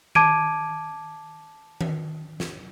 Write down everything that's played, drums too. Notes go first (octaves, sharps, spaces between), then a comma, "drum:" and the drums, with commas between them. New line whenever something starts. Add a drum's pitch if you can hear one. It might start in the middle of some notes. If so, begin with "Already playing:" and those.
A5 D6 G#6 D7 D#7, drum: tom D#3
drum: tom D#3
drum: snare